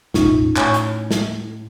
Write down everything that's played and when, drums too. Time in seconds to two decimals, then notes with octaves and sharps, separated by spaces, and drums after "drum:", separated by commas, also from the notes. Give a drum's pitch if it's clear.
0.14 E1 A1 C#4 D#4 F4, drum: snare
0.57 A2 C#5 G#5 C#6, drum: clap
0.74 drum: hi-hat
1.11 drum: snare